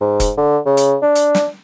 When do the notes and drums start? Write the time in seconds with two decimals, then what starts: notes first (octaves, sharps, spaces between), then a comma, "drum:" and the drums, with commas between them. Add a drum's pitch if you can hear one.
0.01 G#2
0.20 drum: kick F1, hi-hat
0.37 D3
0.66 C#3
0.77 drum: hi-hat
1.02 D4
1.15 drum: hi-hat
1.35 drum: snare